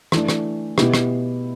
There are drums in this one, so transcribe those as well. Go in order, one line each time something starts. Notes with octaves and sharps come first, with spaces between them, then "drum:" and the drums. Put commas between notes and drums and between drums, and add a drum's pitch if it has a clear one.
E3 A3 D4, drum: rim click
drum: rim click
B2 B3 E4 G4, drum: rim click
drum: rim click